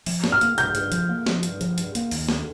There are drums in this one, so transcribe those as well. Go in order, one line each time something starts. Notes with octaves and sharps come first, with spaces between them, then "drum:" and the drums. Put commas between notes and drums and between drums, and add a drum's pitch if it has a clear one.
F3, drum: open hi-hat
G2, drum: snare
F6
A#3, drum: hi-hat
G2 G6, drum: hi-hat
G2, drum: hi-hat
F3, drum: hi-hat
A#3
F3, drum: snare
G2, drum: hi-hat
F3, drum: hi-hat
G2, drum: hi-hat
A#3, drum: hi-hat
D#2, drum: open hi-hat
D3, drum: snare